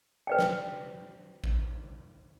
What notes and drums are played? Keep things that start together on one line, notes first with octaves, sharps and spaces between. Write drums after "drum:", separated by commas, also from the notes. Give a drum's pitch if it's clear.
B4 D5 G5
drum: snare
drum: kick A1